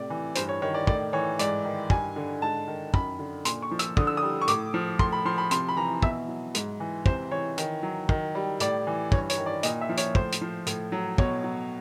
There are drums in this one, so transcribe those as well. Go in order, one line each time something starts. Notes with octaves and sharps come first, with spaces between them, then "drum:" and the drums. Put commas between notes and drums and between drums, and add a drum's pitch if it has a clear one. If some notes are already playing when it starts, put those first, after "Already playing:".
Already playing: A2 C3 D5
E3
G2 C5, drum: hi-hat
C#5
D#3 C#5
D5
A2 D5, drum: kick
E3 C#5
G#2 D5, drum: hi-hat
D#3
G2 G#5, drum: kick
D3
G#2 A5
D#3
F#2 B5, drum: kick
D3
A#2 C6, drum: hi-hat
C#6
F3
E6, drum: hi-hat
D3 D#6, drum: kick
E6
D#6
G3
C#6
A2 D6, drum: hi-hat
F3
A2 C6, drum: kick
B5
F3 C6
B5
C3 C6, drum: hi-hat
B5
E3 A#5
B2 E5, drum: kick
F#3
G#2, drum: hi-hat
E3
C3 C5, drum: kick
E3 C#5
D#3, drum: hi-hat
F#3
D#3, drum: kick
G3
A2 D5, drum: hi-hat
E3
G2 C#5, drum: kick
C#5, drum: hi-hat
D#3
D5
A#2 D#5, drum: hi-hat
E5
F3
C#5, drum: hi-hat
A2 C5, drum: kick
drum: hi-hat
F3
A2, drum: hi-hat
F#3
B2 C#5, drum: kick
F#3